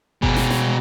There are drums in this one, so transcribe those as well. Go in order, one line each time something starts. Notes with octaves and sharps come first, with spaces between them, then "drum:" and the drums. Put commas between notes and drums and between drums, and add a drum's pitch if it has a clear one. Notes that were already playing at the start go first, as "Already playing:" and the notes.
B2 G#4, drum: kick G1
drum: snare
drum: snare